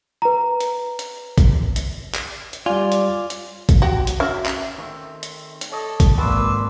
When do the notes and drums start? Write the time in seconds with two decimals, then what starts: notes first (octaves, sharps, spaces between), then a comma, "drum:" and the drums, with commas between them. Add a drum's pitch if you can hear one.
0.22 B4 A#5
0.60 drum: hi-hat
0.99 drum: hi-hat
1.38 drum: kick G#1, hi-hat
1.76 drum: hi-hat
2.15 drum: clap
2.53 drum: hi-hat
2.66 G3 F4 D5 G#5
2.92 drum: hi-hat
3.30 drum: hi-hat
3.69 drum: kick G#1, hi-hat
3.82 F#4 G4
4.07 drum: hi-hat
4.20 C#4 F#4 E5
4.46 drum: clap
4.78 D#3 A3 C4
5.23 drum: hi-hat
5.61 drum: hi-hat
5.72 A4 C#5 D#5
6.00 drum: kick G#1, hi-hat
6.18 G#1 A#3 F#4 A4 B4 D5 C6 E6